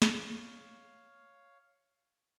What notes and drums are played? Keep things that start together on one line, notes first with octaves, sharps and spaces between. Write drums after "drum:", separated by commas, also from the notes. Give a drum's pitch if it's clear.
C#5 F5, drum: snare